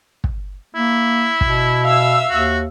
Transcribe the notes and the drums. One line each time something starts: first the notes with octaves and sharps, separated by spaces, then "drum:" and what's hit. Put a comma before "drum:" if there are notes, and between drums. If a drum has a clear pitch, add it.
drum: kick
A#3 E4
B2, drum: kick
E5 F5 E6
D#2 F#4